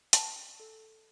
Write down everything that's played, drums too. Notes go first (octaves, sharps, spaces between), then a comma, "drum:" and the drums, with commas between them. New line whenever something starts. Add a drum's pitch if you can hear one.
G5 A5, drum: hi-hat
A4